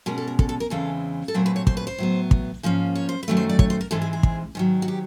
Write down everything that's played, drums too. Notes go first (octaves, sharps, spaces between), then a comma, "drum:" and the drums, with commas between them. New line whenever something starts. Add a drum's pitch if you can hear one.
B2 G#3 C#4 A#4
A4
A#4
A4, drum: kick
A4
A#4
E2 C#3 E3 G#3 C4 A4
A4
A#2 F#3 A3 C4 A#4
B4
C#5
C5, drum: kick
B4
C5
A2 F#3 B3
drum: kick
G#2 F3 A#3 C#4
C#5
C5
B4
F#2 D#3 F#3 A3
C5
D5
C#5, drum: kick
C5
A#4
G#2 E3 G#3 C4 A4
G#4
G#4
drum: kick
G#2 D#3 F#3
F#4
G4